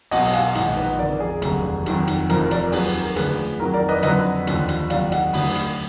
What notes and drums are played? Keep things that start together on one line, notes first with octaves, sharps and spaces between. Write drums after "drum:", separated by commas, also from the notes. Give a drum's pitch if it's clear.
B1 B2 F#3 D#5 F#5, drum: open hi-hat
F5 G#5, drum: hi-hat
A#1 G#2 D#3 D#5 F#5, drum: hi-hat
B4 D#5
F2 D3 F3 A#4 D5
G#4
F1 D#2 D3 F#3, drum: hi-hat
F2 D#3 F#3, drum: hi-hat
drum: hi-hat
F1 F2 F3 A#4, drum: hi-hat
A#4 D5, drum: hi-hat
D#2 D#3 F#3 G#4 B4, drum: open hi-hat
G#4
A#4
D2 D3 F3 G#4 B4, drum: hi-hat
F2 D#3 F#3 A#4
A#4 D5
B4 D#5
F2 D3 F#3 B4 D#5, drum: hi-hat
D#2 D3 F3, drum: hi-hat
drum: hi-hat
F1 D#2 D#3 F#3 D5 F5, drum: hi-hat
D#5 F#5, drum: hi-hat
D2 D3 F#3 B5 D#6, drum: open hi-hat
drum: hi-hat